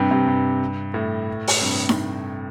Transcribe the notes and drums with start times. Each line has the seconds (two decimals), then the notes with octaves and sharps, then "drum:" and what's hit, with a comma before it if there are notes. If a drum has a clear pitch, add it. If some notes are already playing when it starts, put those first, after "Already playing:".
Already playing: G2 C3
0.11 G2 C3
0.27 G2
0.94 A2
1.48 drum: open hi-hat
1.61 G2 C3
1.89 drum: snare D#4